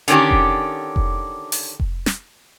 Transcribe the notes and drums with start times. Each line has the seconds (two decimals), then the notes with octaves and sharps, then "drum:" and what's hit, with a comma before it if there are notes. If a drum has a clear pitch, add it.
0.08 D3 D#3 C#4 D4 G4, drum: hi-hat
0.31 drum: kick F1
0.96 drum: kick F1
1.52 drum: open hi-hat
1.80 drum: kick F1
2.06 drum: snare